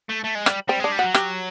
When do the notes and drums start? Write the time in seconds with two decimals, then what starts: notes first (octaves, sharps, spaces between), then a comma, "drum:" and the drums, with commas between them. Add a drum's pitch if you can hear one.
0.09 A3
0.24 A3
0.35 G#3
0.46 G3, drum: rim click
0.68 G3 C4
0.80 G#3 D4
0.92 G3
0.99 F#3 F#4
1.14 G4, drum: rim click